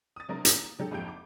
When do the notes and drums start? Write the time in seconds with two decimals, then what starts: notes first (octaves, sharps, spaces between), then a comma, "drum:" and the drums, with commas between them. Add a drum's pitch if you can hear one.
0.16 D#6 A6
0.29 C3 F#3 D4 A#4
0.45 D#3 A#3, drum: hi-hat
0.79 D3 F#3 G4 A4
0.91 G#1 F2 A#3 G4 G6 D7
1.08 D6